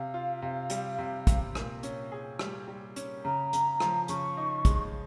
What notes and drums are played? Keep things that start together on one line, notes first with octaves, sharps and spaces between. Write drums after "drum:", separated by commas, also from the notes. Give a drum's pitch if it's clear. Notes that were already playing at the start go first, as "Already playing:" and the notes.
Already playing: C3 F5
F4
C3
G3, drum: hi-hat
C3
C3, drum: kick, hi-hat
A#2, drum: rim click
C#4, drum: hi-hat
G#4
G3, drum: rim click
G3
C#4, drum: hi-hat
C#3 A#5
C#3, drum: hi-hat
F3, drum: rim click
C#3 C#6, drum: hi-hat
D#4
G#3, drum: kick, hi-hat